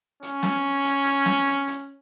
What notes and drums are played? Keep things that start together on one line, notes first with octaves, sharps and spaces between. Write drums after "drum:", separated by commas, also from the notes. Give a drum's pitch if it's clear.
C#4, drum: hi-hat
drum: snare
drum: hi-hat
drum: hi-hat
drum: snare
drum: hi-hat
drum: hi-hat